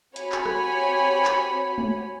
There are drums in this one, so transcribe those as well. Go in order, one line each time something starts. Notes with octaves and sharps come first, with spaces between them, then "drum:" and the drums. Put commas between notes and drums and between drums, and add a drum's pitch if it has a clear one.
C4 F#4 G4 C#5 G#5 B5, drum: hi-hat
drum: clap
drum: rim click
drum: clap
drum: tom G#3